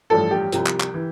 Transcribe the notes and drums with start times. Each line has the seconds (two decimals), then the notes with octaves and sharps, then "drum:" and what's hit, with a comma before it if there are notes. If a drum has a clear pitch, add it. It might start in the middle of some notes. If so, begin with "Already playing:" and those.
0.10 A1 G2 F3 A4
0.31 G4
0.52 C2 C3 F3, drum: hi-hat
0.66 drum: clap
0.80 drum: clap
0.94 E3